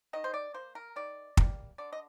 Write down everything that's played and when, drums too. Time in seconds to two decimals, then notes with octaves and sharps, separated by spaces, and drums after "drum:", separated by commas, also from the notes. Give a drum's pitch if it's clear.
0.13 D#3 D#5
0.24 C5
0.34 D5
0.54 A#3 C5
0.75 A#4
0.96 D#3 D5
1.37 G3 A#3, drum: kick
1.78 D3 D5
1.93 D#5